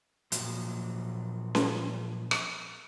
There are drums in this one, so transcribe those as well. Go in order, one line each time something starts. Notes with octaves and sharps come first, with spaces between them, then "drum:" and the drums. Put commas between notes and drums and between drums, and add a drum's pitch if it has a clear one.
A#2 F3 F#3, drum: hi-hat
drum: snare C#4
drum: rim click